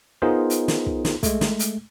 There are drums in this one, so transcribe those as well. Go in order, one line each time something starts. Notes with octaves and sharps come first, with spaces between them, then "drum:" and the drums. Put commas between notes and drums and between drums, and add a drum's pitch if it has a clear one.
B3 D#4 F4 G#4 A#4 C5
drum: hi-hat
drum: snare
drum: kick
drum: snare
G#3 A3, drum: kick, hi-hat
drum: snare
drum: hi-hat